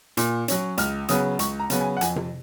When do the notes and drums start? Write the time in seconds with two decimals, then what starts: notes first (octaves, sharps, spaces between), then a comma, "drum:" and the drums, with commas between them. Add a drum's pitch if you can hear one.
0.17 A#2, drum: hi-hat
0.48 F#3 C#4, drum: hi-hat
0.78 C#2 F6, drum: hi-hat
1.08 C#3 F#3 B3 D#6, drum: hi-hat
1.39 C#2 C#6, drum: hi-hat
1.60 A#5
1.70 C#3 F#3 B3, drum: hi-hat
1.81 G#5
1.97 F#5
2.01 F2 G#5, drum: hi-hat
2.16 drum: tom C3